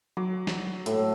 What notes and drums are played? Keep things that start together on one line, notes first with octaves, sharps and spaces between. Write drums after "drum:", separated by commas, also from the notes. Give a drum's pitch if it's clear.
F#3 D6
drum: snare
A2, drum: hi-hat